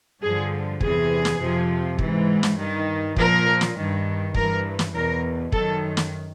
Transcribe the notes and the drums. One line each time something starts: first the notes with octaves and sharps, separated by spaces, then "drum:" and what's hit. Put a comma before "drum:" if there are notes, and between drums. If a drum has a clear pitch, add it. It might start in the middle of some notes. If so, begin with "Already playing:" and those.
G2 D3 F3 G#4
E2 C3 E3 G#4, drum: kick
drum: snare
F2 C3 F3
G#2 E3, drum: kick
drum: snare
G2 D#3
A#2 F3 A#4, drum: kick
drum: snare
G2 D#3
G2 E3 A#4, drum: kick
drum: snare
E2 B2 A#4
F#2 D#3 A4, drum: kick
drum: snare